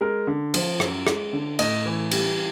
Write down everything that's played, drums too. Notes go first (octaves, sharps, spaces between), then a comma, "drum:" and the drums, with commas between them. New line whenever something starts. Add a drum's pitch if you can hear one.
G#3 A#4
D3
F3, drum: cymbal
F#2, drum: rim click
G#3, drum: rim click
D3
A2 D#5, drum: cymbal
E3
G3, drum: cymbal